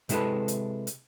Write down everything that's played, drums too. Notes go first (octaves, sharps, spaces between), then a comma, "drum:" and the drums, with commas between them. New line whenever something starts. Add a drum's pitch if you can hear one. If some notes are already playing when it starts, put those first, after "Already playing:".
C3 G#3 E4 A4 B4, drum: hi-hat
drum: hi-hat
drum: hi-hat